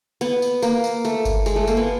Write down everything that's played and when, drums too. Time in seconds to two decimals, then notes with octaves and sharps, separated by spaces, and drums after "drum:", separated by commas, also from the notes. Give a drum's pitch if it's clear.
0.21 B3, drum: tambourine
0.42 drum: tambourine
0.62 A#3, drum: tambourine
0.84 drum: tambourine
1.05 A3, drum: tambourine
1.25 drum: kick G1, tambourine
1.46 G#3, drum: tambourine
1.56 A3
1.67 A#3, drum: tambourine
1.77 B3